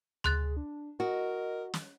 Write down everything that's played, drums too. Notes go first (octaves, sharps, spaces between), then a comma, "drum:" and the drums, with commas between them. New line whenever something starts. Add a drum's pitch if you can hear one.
G#4 C6 F#6 A6, drum: tom D2
D4
F#4 A#4 D#5
drum: snare